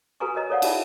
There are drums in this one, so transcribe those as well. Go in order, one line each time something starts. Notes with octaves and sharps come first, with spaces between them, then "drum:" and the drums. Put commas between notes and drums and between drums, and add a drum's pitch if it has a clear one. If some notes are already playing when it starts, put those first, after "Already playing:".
F#4 A4 B4 G#5 A#5 C#6
A#4 C#5 D#5 A#5
A4 A#4 C#5 D5 F5 F#5
D#4 F#4 G#4 E5 B5, drum: cymbal